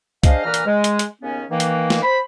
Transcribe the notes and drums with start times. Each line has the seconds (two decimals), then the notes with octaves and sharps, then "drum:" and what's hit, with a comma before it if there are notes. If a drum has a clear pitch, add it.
0.23 D4 G#4 C5 D#5 F5, drum: kick C2, hi-hat
0.44 A#2 D3 E3 B4 A#5 F6
0.54 drum: hi-hat
0.66 G#3
0.84 drum: hi-hat
0.99 drum: hi-hat
1.22 D#2 C#3 B3 C#4
1.50 D#3 E3 A#3
1.60 drum: hi-hat
1.90 drum: snare
2.02 C5 B5